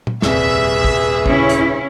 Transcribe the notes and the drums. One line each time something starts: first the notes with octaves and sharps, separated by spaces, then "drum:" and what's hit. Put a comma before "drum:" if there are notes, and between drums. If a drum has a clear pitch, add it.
drum: tom A#2
D#1 C2 F2 G#4 B4 E5, drum: snare
drum: kick
C#3 C#4 E4, drum: kick
drum: hi-hat